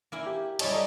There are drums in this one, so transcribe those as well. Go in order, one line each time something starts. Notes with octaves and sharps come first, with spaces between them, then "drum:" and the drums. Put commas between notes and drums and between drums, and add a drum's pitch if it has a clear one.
A#3 E4 G#5
G4
G3 E4 G#4 C#5 D#5 A5, drum: cymbal
A4 D#5 A#5